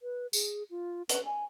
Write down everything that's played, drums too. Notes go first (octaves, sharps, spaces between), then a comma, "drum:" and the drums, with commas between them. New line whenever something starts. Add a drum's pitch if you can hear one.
B4
G#4, drum: tambourine
F4
B4, drum: hi-hat
G#5